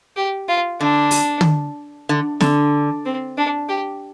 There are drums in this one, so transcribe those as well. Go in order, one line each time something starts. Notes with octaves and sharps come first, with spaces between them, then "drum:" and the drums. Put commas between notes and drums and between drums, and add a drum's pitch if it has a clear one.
G4
F4
D3 D4
drum: open hi-hat
drum: tom
D3
D3, drum: snare
C4
D4
G4